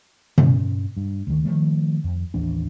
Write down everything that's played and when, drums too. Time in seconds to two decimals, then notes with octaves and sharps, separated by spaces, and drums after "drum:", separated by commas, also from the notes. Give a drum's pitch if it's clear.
0.38 G2 C#4, drum: tom B2
0.97 G2
1.27 D2 D#3
1.45 D#3 F3 A3
2.04 F2
2.34 A1 D#2 E3 D4